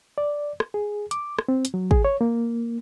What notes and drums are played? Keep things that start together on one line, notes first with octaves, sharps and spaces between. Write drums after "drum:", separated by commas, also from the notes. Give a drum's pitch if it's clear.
D5
drum: rim click
G#4
D6, drum: hi-hat
drum: rim click
C4
drum: hi-hat
F#3
G#4, drum: kick
C#5
A#3